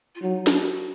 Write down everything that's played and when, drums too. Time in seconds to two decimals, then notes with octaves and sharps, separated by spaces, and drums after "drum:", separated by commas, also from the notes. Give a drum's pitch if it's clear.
0.15 F4
0.22 F#3 D#4
0.47 F#4, drum: snare